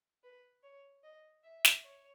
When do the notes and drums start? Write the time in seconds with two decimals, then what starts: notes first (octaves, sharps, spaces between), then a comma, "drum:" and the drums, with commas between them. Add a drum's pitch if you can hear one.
0.24 B4
0.63 C#5
1.03 D#5
1.43 E5
1.65 drum: snare
1.84 C#5